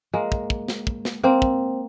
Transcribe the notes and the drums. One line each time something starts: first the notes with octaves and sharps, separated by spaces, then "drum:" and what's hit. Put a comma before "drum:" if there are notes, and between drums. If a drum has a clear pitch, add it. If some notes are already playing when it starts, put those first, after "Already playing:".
G#3 A#3
drum: kick
drum: kick
drum: snare
drum: kick
drum: snare
A#3 C4
drum: kick